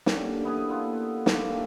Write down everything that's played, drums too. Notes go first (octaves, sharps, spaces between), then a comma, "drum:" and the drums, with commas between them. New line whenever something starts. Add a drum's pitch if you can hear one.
A#2 D3 C#4 G4, drum: snare
E3 B3 E4 G#4
A#2 B3 F4 A4
A#3 D4, drum: snare
A2 E3 A3 G4